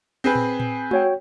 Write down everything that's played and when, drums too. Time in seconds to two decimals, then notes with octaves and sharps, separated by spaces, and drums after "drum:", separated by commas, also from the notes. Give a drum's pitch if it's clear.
0.24 C4 G#4 B4
0.35 drum: tom A2
0.60 drum: tom A2
0.91 F#4 C#5 G5, drum: tom G#3